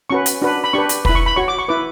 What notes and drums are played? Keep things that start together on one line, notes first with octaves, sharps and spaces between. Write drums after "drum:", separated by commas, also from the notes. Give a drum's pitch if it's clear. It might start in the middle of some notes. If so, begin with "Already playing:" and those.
C#4 F#4 B4 C#6
drum: hi-hat
D4 F#4 B4
B5
D4 G4 B4 C#6
drum: hi-hat
E4 B4 B5, drum: kick
C#6
B5
F#4 C#5 C#6
D6
C#6
E4 B4 D6